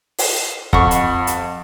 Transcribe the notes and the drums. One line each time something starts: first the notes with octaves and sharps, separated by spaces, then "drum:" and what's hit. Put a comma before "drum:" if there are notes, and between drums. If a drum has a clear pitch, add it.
drum: open hi-hat
F2 F#5 B5 C#6, drum: kick
drum: hi-hat
drum: hi-hat